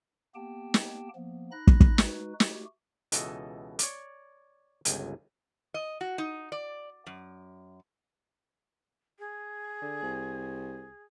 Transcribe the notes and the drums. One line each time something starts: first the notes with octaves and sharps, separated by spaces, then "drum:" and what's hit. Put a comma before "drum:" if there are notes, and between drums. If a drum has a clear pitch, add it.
A#3 B3 G4 G5 A5
drum: snare
F3 A#3 B3
D#4 B5 F#6 A#6
drum: kick
drum: kick
G#3 D#4 F#4 B4, drum: snare
A3 F#4 G4, drum: snare
C#2 B2 E3 A4 D#5 A5, drum: hi-hat
C#5 D5, drum: hi-hat
G1 C#2 G#5, drum: hi-hat
D#5
F#4
D#4
D5
F#2
G#4
D3
C2